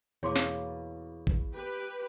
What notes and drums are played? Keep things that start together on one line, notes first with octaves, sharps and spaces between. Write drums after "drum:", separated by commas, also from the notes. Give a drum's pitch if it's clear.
E2 B2 A#3 C#5 C6 D6
drum: snare
drum: kick A1
G4 B4